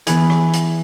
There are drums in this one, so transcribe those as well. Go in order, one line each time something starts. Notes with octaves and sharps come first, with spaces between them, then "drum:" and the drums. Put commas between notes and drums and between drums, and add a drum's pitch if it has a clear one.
E3 B3 E4 G#4, drum: hi-hat
drum: rim click
drum: hi-hat